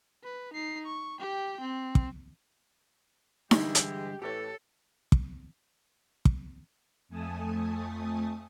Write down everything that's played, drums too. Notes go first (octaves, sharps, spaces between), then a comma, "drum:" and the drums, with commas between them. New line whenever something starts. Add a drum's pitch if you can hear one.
B4
D#4 C7
C#6
G4 G5
C4
drum: kick
G2 D3 E3 G#3 G4, drum: snare D#4
drum: hi-hat
A2 E3 G4 A4 C#5
drum: kick
drum: kick
F2 A3 G#5 A5 D#6